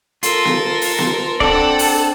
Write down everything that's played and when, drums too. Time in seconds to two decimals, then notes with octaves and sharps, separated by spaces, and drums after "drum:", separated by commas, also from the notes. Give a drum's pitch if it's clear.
0.23 F4 A4 A#4, drum: hi-hat
0.45 drum: snare B3
0.81 drum: open hi-hat
0.99 drum: snare B3
1.40 C4 D4 A4 D5 F#5, drum: kick
1.79 drum: open hi-hat